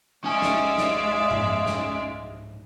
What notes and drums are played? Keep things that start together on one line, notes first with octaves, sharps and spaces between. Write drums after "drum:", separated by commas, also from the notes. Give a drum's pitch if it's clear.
G#3 C#4 D5 E5 F5 G#5 D#6
drum: snare
drum: snare
drum: tom G#2
drum: snare